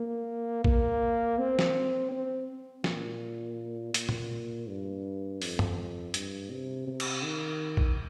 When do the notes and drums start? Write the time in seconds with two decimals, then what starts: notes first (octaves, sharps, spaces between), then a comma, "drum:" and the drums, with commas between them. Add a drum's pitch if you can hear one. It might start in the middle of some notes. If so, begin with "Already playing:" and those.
Already playing: A#3
0.64 A#3, drum: kick A#1
1.38 C4
1.59 drum: snare
2.11 C4
2.84 A#2, drum: snare
3.94 A#2, drum: hi-hat
4.09 drum: tom
4.68 G2
5.42 F2, drum: open hi-hat
5.59 drum: tom
6.14 G2, drum: hi-hat
6.50 C3
6.87 C3
7.00 drum: cymbal
7.24 D#3
7.77 drum: kick A#1